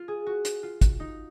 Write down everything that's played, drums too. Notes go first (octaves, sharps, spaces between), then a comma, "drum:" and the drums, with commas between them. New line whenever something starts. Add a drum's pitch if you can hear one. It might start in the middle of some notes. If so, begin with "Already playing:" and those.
Already playing: F4
G#4
F#4
drum: hi-hat
F4
drum: kick, hi-hat
D#4